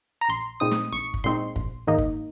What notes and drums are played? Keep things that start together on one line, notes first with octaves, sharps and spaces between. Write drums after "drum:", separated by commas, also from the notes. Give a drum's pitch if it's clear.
A#5
A#1 C6
A#2 G#3 C4 D#4 D#6
drum: snare
A#1 C#6
drum: kick
A#2 G#3 C4 D#4 C6
A#1, drum: kick
G#2 D#3 A#3 D#4
drum: kick